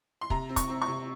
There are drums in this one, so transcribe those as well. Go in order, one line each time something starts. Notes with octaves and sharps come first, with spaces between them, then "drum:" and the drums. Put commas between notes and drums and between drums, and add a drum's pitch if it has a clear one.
C6
C3 A#5, drum: kick
C4
C#6, drum: kick, hi-hat
C4
C#6
C3